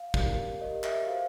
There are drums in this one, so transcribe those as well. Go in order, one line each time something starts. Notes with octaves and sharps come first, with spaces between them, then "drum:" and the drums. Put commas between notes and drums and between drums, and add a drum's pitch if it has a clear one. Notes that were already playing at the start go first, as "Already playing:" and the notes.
Already playing: F5
G4 A#4 D5, drum: kick
G4 A#4 C#5 D#5
E5, drum: clap
F#4 A4 C5 F5